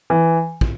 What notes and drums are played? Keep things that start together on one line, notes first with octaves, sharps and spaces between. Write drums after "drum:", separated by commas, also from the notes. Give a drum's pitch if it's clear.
E3
drum: kick